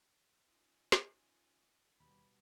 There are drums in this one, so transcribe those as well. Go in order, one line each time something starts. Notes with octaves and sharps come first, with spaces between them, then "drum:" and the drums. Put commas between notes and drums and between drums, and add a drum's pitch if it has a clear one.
C#4 D#4 F4
drum: snare
D#2 B2 G3 B5